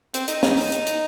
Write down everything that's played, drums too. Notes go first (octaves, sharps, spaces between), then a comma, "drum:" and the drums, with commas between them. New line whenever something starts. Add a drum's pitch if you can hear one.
C4, drum: hi-hat
D#4, drum: hi-hat
D#4, drum: snare
D#4, drum: open hi-hat
drum: hi-hat
drum: hi-hat